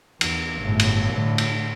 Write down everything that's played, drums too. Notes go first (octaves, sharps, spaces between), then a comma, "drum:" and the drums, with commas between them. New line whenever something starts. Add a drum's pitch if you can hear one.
E2, drum: cymbal
G1 A2
drum: cymbal
A2 D3
drum: cymbal